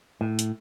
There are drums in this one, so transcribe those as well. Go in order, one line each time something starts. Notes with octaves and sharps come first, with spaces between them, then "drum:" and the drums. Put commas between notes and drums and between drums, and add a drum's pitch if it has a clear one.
A2
drum: hi-hat